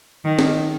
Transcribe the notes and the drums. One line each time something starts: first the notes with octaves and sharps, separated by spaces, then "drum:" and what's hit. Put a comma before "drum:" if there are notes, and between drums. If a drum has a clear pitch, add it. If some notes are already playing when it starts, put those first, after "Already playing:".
D#3
drum: snare